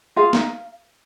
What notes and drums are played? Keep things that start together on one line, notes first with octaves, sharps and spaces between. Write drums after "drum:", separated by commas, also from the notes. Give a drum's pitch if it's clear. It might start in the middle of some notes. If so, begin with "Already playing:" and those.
F4 G#4 F5
D#4, drum: snare